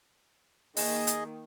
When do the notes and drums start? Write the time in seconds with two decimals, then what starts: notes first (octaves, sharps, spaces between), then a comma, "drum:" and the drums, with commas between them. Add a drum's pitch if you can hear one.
0.77 D#3 A#3 G#4 D#5, drum: open hi-hat
1.07 drum: hi-hat